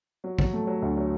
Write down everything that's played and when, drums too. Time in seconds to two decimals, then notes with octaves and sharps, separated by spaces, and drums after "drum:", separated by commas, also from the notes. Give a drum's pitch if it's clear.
0.24 F#3
0.39 F#3, drum: kick
0.53 A3
0.67 F#3
0.82 D2
0.97 F#3